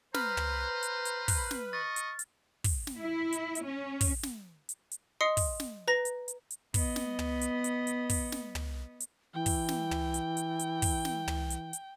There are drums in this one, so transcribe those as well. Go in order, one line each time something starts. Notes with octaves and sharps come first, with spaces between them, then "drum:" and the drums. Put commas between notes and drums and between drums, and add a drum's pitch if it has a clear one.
B4 C5 A#5 F6, drum: snare
drum: tom
drum: hi-hat
drum: hi-hat
drum: kick, open hi-hat
drum: snare
D#5 C#6 A6
drum: hi-hat
drum: hi-hat
drum: kick, open hi-hat
drum: snare
E4
drum: hi-hat
drum: hi-hat
C#4
drum: kick, open hi-hat
drum: snare
drum: hi-hat
drum: hi-hat
D#5 C6 D#6 C7 C#7
drum: kick, open hi-hat
drum: snare
B4 A#5 A#6
drum: hi-hat
drum: hi-hat
drum: hi-hat
B3 D#5, drum: kick, open hi-hat
drum: snare
drum: tom
drum: hi-hat
drum: hi-hat
drum: hi-hat
drum: kick, open hi-hat
drum: snare
drum: tom
drum: hi-hat
E3 G5
drum: kick, open hi-hat
drum: snare
drum: tom
drum: hi-hat
drum: hi-hat
drum: hi-hat
drum: kick, open hi-hat
drum: snare
drum: tom
drum: hi-hat
drum: hi-hat